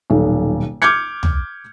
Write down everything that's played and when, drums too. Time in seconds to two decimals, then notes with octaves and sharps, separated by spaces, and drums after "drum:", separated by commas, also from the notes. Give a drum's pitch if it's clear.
0.10 D#1 B1
0.82 D6 F6 G6 G#6 C#7
1.23 drum: tom